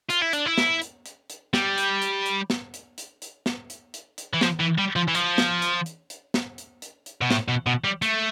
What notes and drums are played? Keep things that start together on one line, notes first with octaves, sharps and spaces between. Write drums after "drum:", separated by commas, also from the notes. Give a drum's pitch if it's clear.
F4, drum: hi-hat
E4
D4, drum: hi-hat
E4
drum: snare
drum: hi-hat
drum: hi-hat
drum: hi-hat
G3, drum: snare
drum: hi-hat
drum: hi-hat
drum: hi-hat
drum: snare
drum: hi-hat
drum: hi-hat
drum: hi-hat
drum: snare
drum: hi-hat
drum: hi-hat
drum: hi-hat
E3
F3, drum: snare
E3
G3
F3
E3
F3, drum: hi-hat
drum: snare
drum: hi-hat
drum: hi-hat
drum: hi-hat
drum: snare
drum: hi-hat
drum: hi-hat
drum: hi-hat
B2
A2, drum: snare
B2
B2
G3
A3, drum: hi-hat